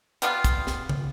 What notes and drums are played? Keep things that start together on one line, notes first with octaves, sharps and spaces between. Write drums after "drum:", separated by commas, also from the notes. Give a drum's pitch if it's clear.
G3 B3 F4, drum: hi-hat
drum: kick, hi-hat
drum: snare
drum: tom